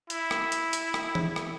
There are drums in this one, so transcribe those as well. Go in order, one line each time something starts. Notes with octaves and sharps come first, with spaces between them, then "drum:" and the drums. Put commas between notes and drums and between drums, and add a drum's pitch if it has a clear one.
E4, drum: hi-hat
drum: rim click
drum: hi-hat
drum: hi-hat
drum: rim click
drum: tom E3
drum: rim click